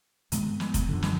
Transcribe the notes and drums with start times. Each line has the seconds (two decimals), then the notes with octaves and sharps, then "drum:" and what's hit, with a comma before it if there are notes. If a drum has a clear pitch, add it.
0.32 G2 D#3 G#3 B3, drum: hi-hat
0.60 drum: snare
0.74 drum: kick F1, hi-hat
0.88 F#2 D3 F3
1.03 drum: snare